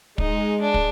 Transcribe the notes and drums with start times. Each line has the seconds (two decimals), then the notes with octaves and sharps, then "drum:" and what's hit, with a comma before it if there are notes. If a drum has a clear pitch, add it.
0.18 G#3 D#4, drum: kick
0.61 D4
0.74 drum: kick